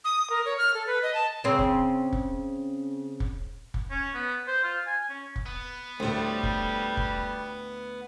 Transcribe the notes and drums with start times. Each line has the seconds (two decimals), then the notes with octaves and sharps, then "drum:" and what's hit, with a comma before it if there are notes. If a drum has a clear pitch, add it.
0.04 D#6
0.30 A#4
0.46 C#5
0.58 F6
0.74 A4
0.87 B4
1.03 D#5
1.14 A5
1.44 C#3 C4
1.59 drum: kick
2.13 drum: kick
3.20 drum: kick
3.74 drum: kick
3.91 C#4
4.14 B3
4.48 C5
4.64 F4
4.87 G#5
5.10 C#4
5.36 drum: kick
5.46 B3
6.00 D2 A2 G3 A4 C5
6.43 drum: kick
6.97 drum: kick